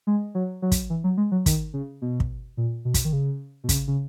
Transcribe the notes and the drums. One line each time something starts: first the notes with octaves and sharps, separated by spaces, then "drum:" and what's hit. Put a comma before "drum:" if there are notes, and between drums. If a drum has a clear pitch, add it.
G#3
F#3
F#3
drum: kick, hi-hat
E3
F#3
G#3
F#3
D#3, drum: kick, hi-hat
C#3
B2
drum: kick
A#2
B2
drum: kick, hi-hat
D#3
C#3
B2
C#3, drum: kick, hi-hat
C#3